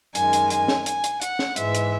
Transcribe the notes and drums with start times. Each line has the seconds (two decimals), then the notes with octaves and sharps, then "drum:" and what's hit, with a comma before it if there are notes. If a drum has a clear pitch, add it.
0.15 F#2 D#3 G#3 G#5, drum: hi-hat
0.33 drum: hi-hat
0.50 G#5, drum: hi-hat
0.68 drum: snare
0.86 G#5, drum: hi-hat
1.04 drum: hi-hat
1.22 F#5, drum: hi-hat
1.39 drum: snare
1.56 G#2 E3 G#3 E5, drum: hi-hat
1.75 drum: hi-hat